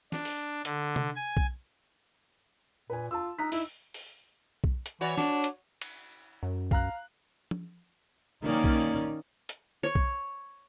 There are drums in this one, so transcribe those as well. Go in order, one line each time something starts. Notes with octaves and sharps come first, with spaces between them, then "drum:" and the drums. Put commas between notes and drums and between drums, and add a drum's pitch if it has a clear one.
D4, drum: snare
drum: open hi-hat
D3, drum: hi-hat
drum: tom C3
G#5
drum: kick B1
A#2 B4 G#5
F4 A5 E6
D#4 A#5 F#6 B6
D#4 E4, drum: open hi-hat
drum: open hi-hat
drum: kick B1
drum: hi-hat
E3 F#4 C#5 D5
D4, drum: snare
drum: hi-hat
drum: cymbal
F#2
F5 A#5 F#6, drum: kick B1
drum: tom
D#3 A#3 C#4 D#4 D5
drum: kick B1
drum: hi-hat
C#5
drum: kick B1